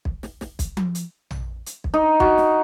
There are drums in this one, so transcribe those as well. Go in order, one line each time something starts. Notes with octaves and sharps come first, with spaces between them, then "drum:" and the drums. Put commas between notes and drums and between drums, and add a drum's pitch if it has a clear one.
drum: kick B1
drum: snare
drum: snare
drum: kick B1, hi-hat
drum: tom F3
drum: hi-hat
drum: tom A#1
drum: hi-hat
drum: kick B1
D#4
F#4, drum: kick B1
drum: snare